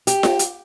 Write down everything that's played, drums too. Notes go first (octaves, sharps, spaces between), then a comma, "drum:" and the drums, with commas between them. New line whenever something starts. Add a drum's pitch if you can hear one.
G4, drum: hi-hat
drum: snare F4
drum: hi-hat